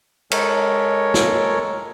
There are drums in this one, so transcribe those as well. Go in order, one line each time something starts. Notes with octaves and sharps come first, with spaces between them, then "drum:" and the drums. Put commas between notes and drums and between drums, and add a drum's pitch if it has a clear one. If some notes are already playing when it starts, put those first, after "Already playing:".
G#3 A4 A#4 C#5, drum: cymbal
drum: snare